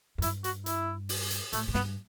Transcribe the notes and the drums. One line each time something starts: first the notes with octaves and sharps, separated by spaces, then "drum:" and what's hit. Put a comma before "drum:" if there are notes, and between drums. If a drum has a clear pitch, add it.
F#2
G2 E4, drum: hi-hat
F#4, drum: hi-hat
E4, drum: hi-hat
drum: open hi-hat
drum: hi-hat
A2 A3, drum: hi-hat
A2
G2 B3, drum: snare